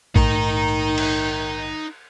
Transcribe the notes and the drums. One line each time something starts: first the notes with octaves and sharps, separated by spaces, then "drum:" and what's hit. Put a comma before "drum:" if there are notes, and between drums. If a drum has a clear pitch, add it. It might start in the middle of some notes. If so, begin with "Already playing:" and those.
A#1 G#2 D#3 A3 D#4 A#5, drum: kick A1
drum: cymbal